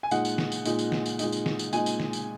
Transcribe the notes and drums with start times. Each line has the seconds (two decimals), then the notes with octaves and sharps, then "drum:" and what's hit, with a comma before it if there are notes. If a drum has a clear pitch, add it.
0.03 G#5
0.11 A#2 G#3 D#4 F#5, drum: tambourine
0.25 drum: tambourine
0.38 drum: snare
0.52 drum: tambourine
0.65 A#2 G#3 D#4, drum: tambourine
0.79 drum: tambourine
0.92 drum: snare
1.06 drum: tambourine
1.19 A#2 G#3 D#4, drum: tambourine
1.32 drum: tambourine
1.46 drum: snare
1.59 drum: tambourine
1.73 A#2 G#3 D#4 G#5, drum: tambourine
1.86 drum: tambourine
2.00 drum: snare
2.13 drum: tambourine